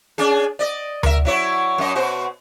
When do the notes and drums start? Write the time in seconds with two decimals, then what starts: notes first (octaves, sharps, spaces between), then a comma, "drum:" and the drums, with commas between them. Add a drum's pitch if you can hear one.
0.18 C#4 D4 G#4
0.59 D5 D#5
1.03 A#4 E5, drum: tom D2
1.25 F#3 E4 C#5
1.78 F#2 D#5
1.95 B2 F#4 C5